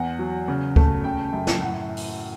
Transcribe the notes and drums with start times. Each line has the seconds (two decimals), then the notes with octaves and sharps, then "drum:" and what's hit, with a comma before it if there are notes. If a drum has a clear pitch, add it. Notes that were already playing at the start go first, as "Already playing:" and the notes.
Already playing: E2 F#5
0.19 F#3
0.48 C#3
0.76 A3, drum: kick
1.04 C#3 G5
1.33 F#2
1.47 drum: snare
1.61 A2 F#5
1.97 drum: open hi-hat